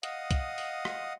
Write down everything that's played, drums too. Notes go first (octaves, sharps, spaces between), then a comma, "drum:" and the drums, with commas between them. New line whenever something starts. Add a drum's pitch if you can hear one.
D#5 F5 F#5 D#6, drum: hi-hat
drum: kick C2, hi-hat
drum: open hi-hat
drum: rim click